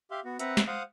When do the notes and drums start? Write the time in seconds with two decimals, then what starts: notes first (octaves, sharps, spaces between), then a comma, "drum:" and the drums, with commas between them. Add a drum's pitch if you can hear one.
0.11 G4 E5 F5 C6
0.25 B3 F#4
0.39 C4 B4 E5 F#5 A#5, drum: hi-hat
0.57 drum: snare
0.67 C5 F5 F#5 D#6